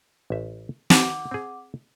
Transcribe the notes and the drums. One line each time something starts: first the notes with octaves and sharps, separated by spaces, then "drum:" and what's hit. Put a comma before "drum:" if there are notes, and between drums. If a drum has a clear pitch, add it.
A1 E5
D#3 F#5 D6, drum: snare
C4 G#4